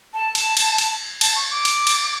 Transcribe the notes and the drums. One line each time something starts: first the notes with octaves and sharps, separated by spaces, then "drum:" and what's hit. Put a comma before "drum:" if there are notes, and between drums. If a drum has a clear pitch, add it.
A5
drum: cymbal
drum: cymbal
drum: cymbal
A5, drum: cymbal
C#6
D6
drum: cymbal
drum: cymbal